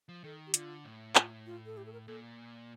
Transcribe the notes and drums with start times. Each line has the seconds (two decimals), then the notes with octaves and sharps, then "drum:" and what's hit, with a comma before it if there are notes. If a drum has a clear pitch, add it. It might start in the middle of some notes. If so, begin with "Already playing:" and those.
0.09 F3
0.24 D#3 A4
0.47 G4
0.54 D3 F4, drum: hi-hat
0.85 A2
1.16 F4, drum: clap
1.46 F4
1.66 A4
1.77 G4
1.86 A4
1.93 A#4
2.07 A#2 A4